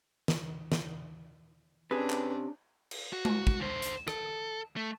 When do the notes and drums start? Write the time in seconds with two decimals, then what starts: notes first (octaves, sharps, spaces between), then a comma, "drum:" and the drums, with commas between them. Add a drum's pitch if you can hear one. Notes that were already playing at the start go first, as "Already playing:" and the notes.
0.28 drum: snare
0.72 drum: snare
1.91 C3 C#4 D4 G#4 B4
2.10 drum: clap
2.91 drum: cymbal
3.13 F#4
3.25 drum: tom G#3
3.47 drum: kick
3.60 D3 C5
3.82 drum: hi-hat
4.08 A4, drum: rim click
4.76 A3